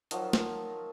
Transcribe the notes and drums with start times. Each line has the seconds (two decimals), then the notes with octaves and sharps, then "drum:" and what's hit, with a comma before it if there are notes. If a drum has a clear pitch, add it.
0.11 D#3 F3 F#3, drum: hi-hat
0.33 drum: snare